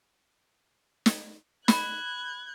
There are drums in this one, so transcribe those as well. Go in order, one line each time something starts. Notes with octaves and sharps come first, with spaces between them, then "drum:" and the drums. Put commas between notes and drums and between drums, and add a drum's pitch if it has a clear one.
drum: snare
B5 F#6 G#6, drum: snare